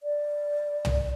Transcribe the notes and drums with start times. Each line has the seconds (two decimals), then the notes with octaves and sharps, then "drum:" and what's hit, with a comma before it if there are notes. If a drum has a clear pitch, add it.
0.03 D5
0.85 drum: tom